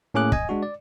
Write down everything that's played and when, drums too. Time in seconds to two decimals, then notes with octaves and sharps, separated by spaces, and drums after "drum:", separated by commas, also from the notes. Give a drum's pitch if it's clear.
0.14 A2 A#3 C#4 G#4 D6 F#6
0.32 D#5 G#5, drum: kick
0.49 G#3 D4 F#4
0.63 D5